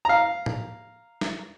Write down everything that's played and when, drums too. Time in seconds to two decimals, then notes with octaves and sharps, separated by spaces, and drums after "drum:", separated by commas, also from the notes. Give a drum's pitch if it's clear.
0.05 F5 A#5
0.46 drum: tom A2
1.21 drum: snare